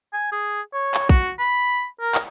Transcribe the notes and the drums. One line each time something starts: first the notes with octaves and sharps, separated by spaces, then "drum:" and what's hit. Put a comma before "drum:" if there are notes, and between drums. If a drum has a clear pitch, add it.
G#5
G#4
C#5
drum: clap
F#4, drum: kick A#1
B5
A#4
drum: clap